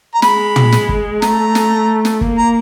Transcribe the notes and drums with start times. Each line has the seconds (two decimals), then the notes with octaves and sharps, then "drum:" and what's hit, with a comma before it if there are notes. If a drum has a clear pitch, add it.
0.14 A#5
0.22 G#3 B5, drum: snare
0.56 drum: tom
0.72 drum: snare
0.89 drum: kick
1.22 A3 A#5, drum: snare
1.55 drum: snare
2.05 drum: snare
2.21 A#3, drum: kick
2.38 A#5